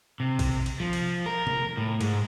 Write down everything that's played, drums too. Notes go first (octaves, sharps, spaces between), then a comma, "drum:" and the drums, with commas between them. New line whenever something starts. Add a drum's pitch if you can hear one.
C3
drum: kick A#1, cymbal
drum: cymbal
F3
drum: cymbal
A#4
drum: tom C3
A2
G#2, drum: cymbal